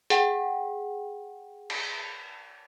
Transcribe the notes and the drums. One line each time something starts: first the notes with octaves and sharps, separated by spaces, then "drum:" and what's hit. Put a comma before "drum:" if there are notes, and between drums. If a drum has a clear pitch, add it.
G#4 F#5 G5, drum: hi-hat
drum: cymbal